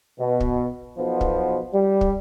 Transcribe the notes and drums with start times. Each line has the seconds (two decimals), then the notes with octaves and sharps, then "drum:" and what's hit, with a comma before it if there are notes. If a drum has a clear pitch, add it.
0.20 B2
0.40 drum: kick
0.98 B1 B2 F3 B3 C5
1.21 drum: kick
1.74 G3
2.01 drum: kick